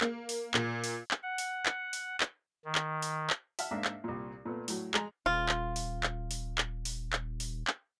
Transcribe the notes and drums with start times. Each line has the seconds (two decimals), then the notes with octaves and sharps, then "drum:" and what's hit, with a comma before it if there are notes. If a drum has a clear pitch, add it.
0.01 A#3, drum: clap
0.29 drum: open hi-hat
0.54 A#2, drum: clap
0.84 drum: open hi-hat
1.11 drum: clap
1.23 F#5
1.38 drum: open hi-hat
1.66 drum: clap
1.93 drum: open hi-hat
2.20 drum: clap
2.65 D#3
2.75 drum: clap
3.02 drum: open hi-hat
3.30 drum: clap
3.59 E5 F#5 A5 F6, drum: open hi-hat
3.71 G#2 A#3 D4 E5
3.85 drum: clap
4.04 C2 A#2
4.45 A#2 A3 B3
4.68 A2 F#3, drum: open hi-hat
4.94 G#3 G#5 A#5, drum: clap
5.26 D#1 F4
5.49 drum: clap
5.76 drum: open hi-hat
6.03 drum: clap
6.31 drum: open hi-hat
6.58 drum: clap
6.85 drum: open hi-hat
7.13 drum: clap
7.40 drum: open hi-hat
7.67 drum: clap